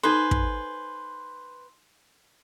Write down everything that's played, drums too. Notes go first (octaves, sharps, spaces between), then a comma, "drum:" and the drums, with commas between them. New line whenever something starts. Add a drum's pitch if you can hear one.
D#4 A4 B4 C5 G#5 C6
drum: kick